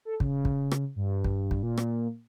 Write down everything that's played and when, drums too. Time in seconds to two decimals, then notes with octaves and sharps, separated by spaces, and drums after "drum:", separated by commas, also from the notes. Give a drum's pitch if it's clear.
0.05 A4
0.20 C#3, drum: kick
0.45 drum: kick
0.71 drum: rim click
0.96 G2
1.24 drum: kick
1.51 drum: kick
1.63 A#2
1.78 drum: rim click